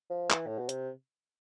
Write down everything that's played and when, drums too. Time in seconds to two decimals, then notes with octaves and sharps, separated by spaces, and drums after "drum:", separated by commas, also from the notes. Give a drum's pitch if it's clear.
0.10 F3
0.30 E3, drum: clap
0.47 A2
0.59 B2
0.69 C3, drum: hi-hat